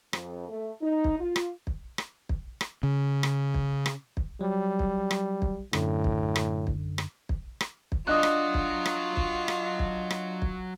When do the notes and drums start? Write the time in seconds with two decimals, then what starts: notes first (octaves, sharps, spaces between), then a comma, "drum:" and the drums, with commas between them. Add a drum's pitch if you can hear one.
0.13 F2, drum: rim click
0.49 A3
0.80 D#4
1.04 drum: kick
1.19 F4
1.36 drum: rim click
1.67 drum: kick
1.98 drum: rim click
2.29 drum: kick
2.61 drum: rim click
2.83 C#3
3.23 drum: rim click
3.54 drum: kick
3.86 drum: rim click
4.17 drum: kick
4.41 F#3 G3
4.79 drum: kick
5.11 drum: rim click
5.42 drum: kick
5.73 F#2 A2 D3, drum: rim click
6.04 drum: kick
6.36 drum: rim click
6.67 drum: kick
6.98 drum: rim click
7.29 drum: kick
7.61 drum: rim click
7.92 drum: kick
8.07 F#3 D4 F4 F#4 D#5 D#6 F#6
8.23 drum: rim click
8.54 drum: kick
8.86 drum: rim click
9.17 drum: kick
9.48 drum: rim click
9.79 drum: kick
10.10 drum: rim click
10.42 drum: kick